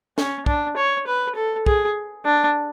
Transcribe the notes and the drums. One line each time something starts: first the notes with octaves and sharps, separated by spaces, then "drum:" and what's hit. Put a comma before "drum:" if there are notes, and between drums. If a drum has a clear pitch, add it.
C#4, drum: snare
D4, drum: kick
C#5
B4
A4
G#4, drum: kick
D4